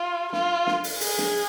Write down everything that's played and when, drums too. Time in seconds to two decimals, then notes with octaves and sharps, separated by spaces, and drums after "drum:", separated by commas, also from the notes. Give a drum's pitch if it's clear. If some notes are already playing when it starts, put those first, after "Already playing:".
Already playing: F4
0.33 F4, drum: snare
0.67 drum: snare
0.84 drum: open hi-hat
1.01 G#4, drum: open hi-hat
1.18 drum: snare